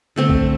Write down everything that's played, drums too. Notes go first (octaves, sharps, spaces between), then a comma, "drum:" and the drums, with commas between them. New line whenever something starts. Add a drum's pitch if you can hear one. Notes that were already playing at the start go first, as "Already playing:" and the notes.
D3 A3 C4
drum: kick B1